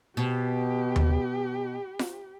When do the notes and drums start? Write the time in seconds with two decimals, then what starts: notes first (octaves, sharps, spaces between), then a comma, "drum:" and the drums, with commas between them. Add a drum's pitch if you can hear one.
0.17 B2 G4
0.96 drum: tom D#2
1.99 drum: snare F4